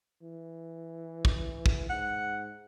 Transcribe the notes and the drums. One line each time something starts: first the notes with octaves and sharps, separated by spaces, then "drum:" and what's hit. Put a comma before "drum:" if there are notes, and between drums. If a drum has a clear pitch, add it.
E3
drum: kick
drum: kick
G#2 F#5